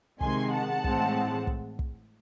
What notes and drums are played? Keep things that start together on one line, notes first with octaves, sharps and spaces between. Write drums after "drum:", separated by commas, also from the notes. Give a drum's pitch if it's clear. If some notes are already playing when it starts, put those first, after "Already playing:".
C3 D#3 G#3 G#5 C6, drum: kick
F#5 A5
A2 E3 G#3 C4, drum: kick
drum: kick
drum: kick